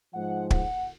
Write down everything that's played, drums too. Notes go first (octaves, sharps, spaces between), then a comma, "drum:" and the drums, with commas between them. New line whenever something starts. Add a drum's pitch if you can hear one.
G#2 F3 G#3 F#5
F#5, drum: kick